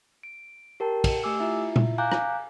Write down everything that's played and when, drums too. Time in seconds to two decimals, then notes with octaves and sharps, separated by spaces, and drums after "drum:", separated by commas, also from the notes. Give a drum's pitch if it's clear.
0.23 D7
0.80 G4 A#4 G5 A5
1.04 drum: kick, cymbal
1.24 A3 G4 G#5 D6 E6
1.40 E4 F4 E5
1.76 drum: tom A#2
1.98 F5 G#5 A#5 D6 F#6 G6
2.12 drum: rim click